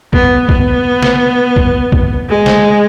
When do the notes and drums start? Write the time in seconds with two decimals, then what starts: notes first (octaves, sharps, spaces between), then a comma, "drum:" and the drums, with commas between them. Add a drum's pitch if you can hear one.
0.13 B3, drum: kick B1
0.49 B3, drum: kick B1
1.03 drum: snare
1.56 drum: kick B1
1.92 drum: kick B1
2.29 G#3
2.46 drum: snare